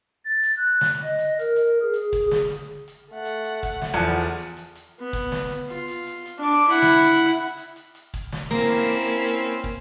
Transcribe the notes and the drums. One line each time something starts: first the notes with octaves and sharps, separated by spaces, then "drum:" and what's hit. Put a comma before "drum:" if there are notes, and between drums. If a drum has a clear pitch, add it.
A6
drum: hi-hat
F#6
drum: snare
D#5
drum: hi-hat
A#4, drum: hi-hat
drum: hi-hat
G#4
drum: hi-hat
drum: kick, hi-hat
drum: snare
drum: hi-hat
drum: hi-hat
A3 F#5
drum: hi-hat
drum: hi-hat
drum: kick, hi-hat
drum: snare
E2 F3 A4 F#5
drum: hi-hat
drum: hi-hat
drum: hi-hat
drum: hi-hat
B3
drum: kick, hi-hat
drum: snare
drum: hi-hat
F4, drum: hi-hat
drum: hi-hat
drum: hi-hat
drum: hi-hat
D4 D6
E4 F#5
drum: snare
drum: hi-hat
drum: hi-hat
drum: hi-hat
drum: hi-hat
drum: hi-hat
drum: kick, hi-hat
drum: snare
A#3 C4 C#4 E4, drum: hi-hat
drum: hi-hat
drum: hi-hat
drum: hi-hat
drum: hi-hat
drum: hi-hat
drum: kick